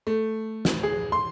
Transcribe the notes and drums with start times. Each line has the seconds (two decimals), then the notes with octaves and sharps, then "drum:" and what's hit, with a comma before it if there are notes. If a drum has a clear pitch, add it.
0.07 A3
0.65 drum: snare
0.83 G#4
1.12 C6